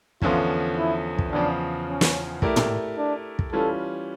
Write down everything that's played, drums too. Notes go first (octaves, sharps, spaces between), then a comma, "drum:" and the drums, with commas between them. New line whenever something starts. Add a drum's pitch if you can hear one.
E2 D3 F3 C#4 F4, drum: kick
E4
drum: kick
E2 C#3 F3 D4
C#4
drum: snare
A3 E4 G4 A#4 D5, drum: kick
drum: tom
D4
drum: kick
E3 G3 C#4 F4 A4